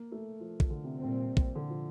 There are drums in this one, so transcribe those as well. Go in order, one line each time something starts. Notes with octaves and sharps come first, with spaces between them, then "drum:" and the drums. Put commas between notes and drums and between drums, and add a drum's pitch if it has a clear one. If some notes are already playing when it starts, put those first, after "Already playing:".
Already playing: A#3
A3
F3
drum: kick A#1
D3
C3
A#2 G3 C4
drum: kick A#1
D3
F3